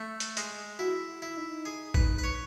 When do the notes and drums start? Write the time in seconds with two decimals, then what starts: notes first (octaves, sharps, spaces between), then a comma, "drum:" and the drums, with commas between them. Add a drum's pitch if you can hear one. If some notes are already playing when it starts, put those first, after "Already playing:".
Already playing: A3
0.20 drum: hi-hat
0.37 G#3, drum: hi-hat
0.79 E4 F#4
1.22 E4
1.37 D#4
1.65 G#4
1.94 B4, drum: kick
2.18 B4
2.24 C#5